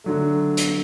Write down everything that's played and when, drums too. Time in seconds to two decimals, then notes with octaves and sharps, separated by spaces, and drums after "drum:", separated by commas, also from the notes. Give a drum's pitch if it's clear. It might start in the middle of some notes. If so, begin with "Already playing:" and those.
0.04 D3 F#3 A3
0.57 drum: hi-hat